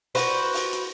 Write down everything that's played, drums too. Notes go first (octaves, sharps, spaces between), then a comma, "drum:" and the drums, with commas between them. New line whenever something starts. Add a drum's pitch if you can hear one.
F#4 B4 C5, drum: open hi-hat
drum: open hi-hat
drum: hi-hat